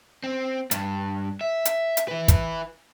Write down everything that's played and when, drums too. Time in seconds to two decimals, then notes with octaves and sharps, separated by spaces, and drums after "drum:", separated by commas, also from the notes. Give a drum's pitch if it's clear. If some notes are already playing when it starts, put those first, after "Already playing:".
0.24 C4
0.71 G2, drum: hi-hat
1.41 E5
1.65 drum: hi-hat
1.97 drum: hi-hat
2.08 E4 B4
2.28 drum: kick, hi-hat